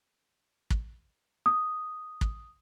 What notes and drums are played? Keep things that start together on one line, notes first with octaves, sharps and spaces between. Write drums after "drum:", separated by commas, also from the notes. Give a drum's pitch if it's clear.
drum: kick
D#6
drum: kick